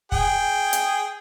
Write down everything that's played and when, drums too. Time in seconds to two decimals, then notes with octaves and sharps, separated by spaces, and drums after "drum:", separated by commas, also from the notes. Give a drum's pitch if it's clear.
0.12 G#4 G5, drum: kick
0.73 drum: hi-hat